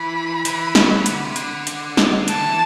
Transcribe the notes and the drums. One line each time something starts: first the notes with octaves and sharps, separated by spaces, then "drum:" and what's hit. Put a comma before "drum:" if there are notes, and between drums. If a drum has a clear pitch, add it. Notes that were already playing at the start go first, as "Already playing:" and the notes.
Already playing: E3 B5
E3, drum: hi-hat
F#3, drum: snare
E3
D3, drum: hi-hat
C3
D3, drum: hi-hat
drum: hi-hat
drum: snare
E3 A5, drum: hi-hat
D3
E3